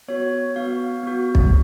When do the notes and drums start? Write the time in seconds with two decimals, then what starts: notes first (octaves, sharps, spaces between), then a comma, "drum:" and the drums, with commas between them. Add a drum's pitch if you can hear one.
0.08 B3 F#4 C#5
0.56 B3 F#4 F5
1.03 B3 F#4
1.35 drum: kick